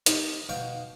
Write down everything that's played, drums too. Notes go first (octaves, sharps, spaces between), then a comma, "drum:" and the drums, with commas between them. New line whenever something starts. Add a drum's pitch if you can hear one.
D#4 G4, drum: hi-hat
B2 F5 G5 C#6